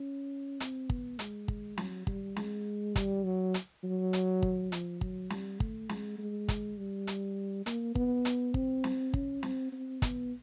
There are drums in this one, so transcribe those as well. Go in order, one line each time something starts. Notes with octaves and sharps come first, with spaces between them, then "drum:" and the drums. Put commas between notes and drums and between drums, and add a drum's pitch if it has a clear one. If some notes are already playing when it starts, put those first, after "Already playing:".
Already playing: C#4
C4, drum: hi-hat
B3, drum: kick
G#3, drum: hi-hat
drum: kick
F#3, drum: snare
G3, drum: kick
G#3, drum: snare
G3, drum: kick, hi-hat
F#3
drum: hi-hat
F#3
drum: hi-hat
drum: kick
F3, drum: hi-hat
F#3, drum: kick
G3, drum: snare
A3, drum: kick
G#3, drum: snare
G#3
drum: kick, hi-hat
G3
drum: hi-hat
A#3, drum: hi-hat
B3, drum: kick
drum: hi-hat
C4, drum: kick
drum: snare
C#4, drum: kick
C4, drum: snare
C4
B3, drum: kick, hi-hat